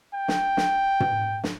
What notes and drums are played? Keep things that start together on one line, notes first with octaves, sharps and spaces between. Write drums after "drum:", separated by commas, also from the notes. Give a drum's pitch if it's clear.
G5
drum: snare
drum: snare
drum: tom
drum: snare